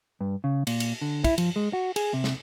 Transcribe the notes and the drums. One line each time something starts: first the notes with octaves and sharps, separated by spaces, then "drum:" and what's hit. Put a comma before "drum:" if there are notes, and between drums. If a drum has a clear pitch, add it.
G2
C#3
A#2, drum: cymbal
drum: cymbal
D3
E4, drum: kick, cymbal
F3, drum: cymbal
G#3
F#4
G#4, drum: cymbal
C3
drum: snare